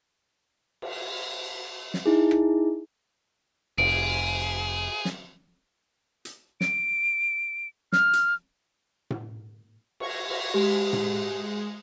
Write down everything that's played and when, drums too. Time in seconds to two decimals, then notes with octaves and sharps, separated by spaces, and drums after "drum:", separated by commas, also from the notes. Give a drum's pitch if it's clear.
0.82 drum: cymbal
1.94 drum: snare
2.06 D#4 E4 G#4
2.31 drum: rim click
3.78 F1 G#4 D7, drum: cymbal
5.05 drum: snare
6.25 drum: hi-hat
6.61 D7, drum: snare
7.92 F6, drum: snare
8.13 drum: hi-hat
9.10 drum: tom A2
10.00 C#6 G#6 A#6, drum: cymbal
10.30 drum: cymbal
10.54 G#3 G4
10.93 drum: tom A2